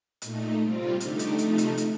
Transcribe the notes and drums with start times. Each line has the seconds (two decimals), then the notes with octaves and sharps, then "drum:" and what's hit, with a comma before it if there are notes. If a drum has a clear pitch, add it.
0.22 A#2 A3 D#4, drum: hi-hat
0.61 C3 G3 C4 F4
1.00 D3 A3 D#4 G4, drum: hi-hat
1.19 drum: hi-hat
1.38 C3 F3 A3 D#4, drum: hi-hat
1.58 drum: hi-hat
1.78 drum: hi-hat